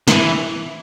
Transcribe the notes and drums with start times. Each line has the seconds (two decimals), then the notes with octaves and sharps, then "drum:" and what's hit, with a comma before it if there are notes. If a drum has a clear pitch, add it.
0.08 D#3, drum: snare
0.11 E3